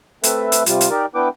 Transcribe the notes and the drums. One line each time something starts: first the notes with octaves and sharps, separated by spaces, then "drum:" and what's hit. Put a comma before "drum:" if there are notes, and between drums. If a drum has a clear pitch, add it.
A3 C4 A4 B4 E5, drum: hi-hat
drum: hi-hat
C3 G3 F4, drum: hi-hat
drum: hi-hat
D#4 G4 A#4 D5
B3 D4 E4 B4 G5 D6